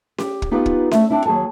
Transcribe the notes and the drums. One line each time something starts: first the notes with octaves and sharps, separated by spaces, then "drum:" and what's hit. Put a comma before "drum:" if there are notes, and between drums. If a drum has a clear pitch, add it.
G4, drum: snare C#4
drum: kick
B3 D#4 F4 G4 B4
drum: kick
A3 E5, drum: snare C#4
C4 D4 E4
D#2 F#3 G#4 G#5 A5